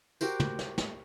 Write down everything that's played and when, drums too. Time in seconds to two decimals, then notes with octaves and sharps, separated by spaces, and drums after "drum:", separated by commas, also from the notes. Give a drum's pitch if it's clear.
0.21 F#4 G4 A#4 C5, drum: tambourine
0.40 drum: tom
0.59 drum: snare
0.78 drum: snare